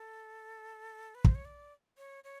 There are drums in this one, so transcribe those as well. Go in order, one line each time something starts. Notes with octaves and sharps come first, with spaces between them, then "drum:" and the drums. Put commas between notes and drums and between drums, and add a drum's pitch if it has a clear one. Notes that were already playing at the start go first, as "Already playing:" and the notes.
Already playing: A4
B4
C5, drum: kick
C#5
D5
C#5
C#5